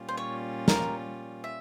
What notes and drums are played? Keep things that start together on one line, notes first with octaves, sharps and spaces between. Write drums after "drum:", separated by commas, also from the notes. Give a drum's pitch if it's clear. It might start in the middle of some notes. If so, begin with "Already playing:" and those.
Already playing: A#2 G3 C#4 F4
C5
C#5
A#4, drum: snare
E5